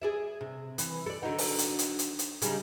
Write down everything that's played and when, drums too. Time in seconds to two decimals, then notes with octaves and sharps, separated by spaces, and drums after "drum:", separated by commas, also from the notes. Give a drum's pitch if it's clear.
0.02 G#4 D5 E5
0.41 C3
0.78 E3, drum: hi-hat
1.06 A4 D5
1.23 D3 F#3 D#4
1.38 drum: open hi-hat
1.58 drum: hi-hat
1.79 drum: hi-hat
1.99 drum: hi-hat
2.19 drum: hi-hat
2.42 C#3 G3 D#4, drum: hi-hat